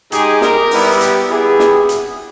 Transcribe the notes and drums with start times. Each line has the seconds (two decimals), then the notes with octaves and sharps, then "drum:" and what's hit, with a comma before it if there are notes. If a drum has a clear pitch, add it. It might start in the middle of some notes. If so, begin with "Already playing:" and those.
0.12 G#3 D#4 G4 G#4, drum: hi-hat
0.41 A#4, drum: snare
0.71 G3 B3 E4, drum: open hi-hat
1.00 G4, drum: hi-hat
1.30 B3 E4 G4 G#4
1.59 drum: snare
1.89 drum: hi-hat